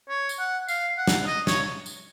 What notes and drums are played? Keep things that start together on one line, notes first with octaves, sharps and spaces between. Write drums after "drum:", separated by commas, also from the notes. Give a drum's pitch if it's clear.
C#5
drum: tambourine
F#5
F5, drum: tambourine
F#5
drum: snare
D#5
C#5, drum: snare
drum: tambourine